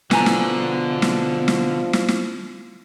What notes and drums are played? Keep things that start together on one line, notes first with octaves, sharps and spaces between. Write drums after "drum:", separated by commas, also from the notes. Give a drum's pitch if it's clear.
B2 D3 F3 B4 G#5 A#5, drum: snare
drum: snare
drum: snare
drum: snare
drum: snare
drum: snare